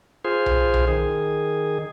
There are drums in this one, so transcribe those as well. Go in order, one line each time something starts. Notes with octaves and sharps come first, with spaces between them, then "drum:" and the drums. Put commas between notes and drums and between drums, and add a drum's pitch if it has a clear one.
F4 G#4 C5
drum: tom B1
drum: tom B1
D#3 G#4